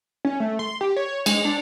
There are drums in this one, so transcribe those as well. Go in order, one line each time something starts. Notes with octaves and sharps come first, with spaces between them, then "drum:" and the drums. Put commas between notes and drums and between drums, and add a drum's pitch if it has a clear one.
C#4
A3
C6
G4
C#5
G#3, drum: cymbal
D4